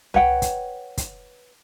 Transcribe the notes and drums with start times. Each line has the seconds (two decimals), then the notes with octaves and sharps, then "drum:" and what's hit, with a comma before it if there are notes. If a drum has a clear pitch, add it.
0.14 B4 C#5 F#5 G5, drum: tom C2
0.42 drum: kick, hi-hat
0.98 drum: kick, hi-hat